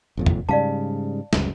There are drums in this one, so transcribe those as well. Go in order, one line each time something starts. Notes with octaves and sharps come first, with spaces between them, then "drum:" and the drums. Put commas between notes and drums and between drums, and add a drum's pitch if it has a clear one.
G#1 F2 A#2
drum: tom E2
G#2 C#3 G3 D5 F5 A5
D1 C#2 F#2, drum: snare